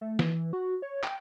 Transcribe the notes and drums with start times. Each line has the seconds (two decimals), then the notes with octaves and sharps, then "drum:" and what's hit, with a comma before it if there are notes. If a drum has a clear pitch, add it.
0.01 A3
0.19 E3, drum: snare
0.53 F#4
0.82 C#5
1.04 G5, drum: clap